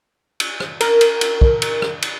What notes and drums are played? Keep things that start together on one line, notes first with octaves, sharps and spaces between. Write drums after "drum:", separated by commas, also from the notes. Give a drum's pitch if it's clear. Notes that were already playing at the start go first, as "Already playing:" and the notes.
drum: cymbal
drum: rim click
A#4, drum: cymbal
drum: cymbal
drum: cymbal
drum: kick
drum: cymbal
drum: rim click
drum: cymbal